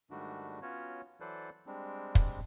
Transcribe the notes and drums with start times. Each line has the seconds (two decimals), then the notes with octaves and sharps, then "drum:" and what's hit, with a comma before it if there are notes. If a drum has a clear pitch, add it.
0.11 G#2 D#3 G3 A3 D4 F#4
0.62 B3 C#4 F4 F#4 C#5
1.20 E3 F#3 A4 B4 C5 D5
1.66 G3 G#3 C4 D4
2.15 drum: kick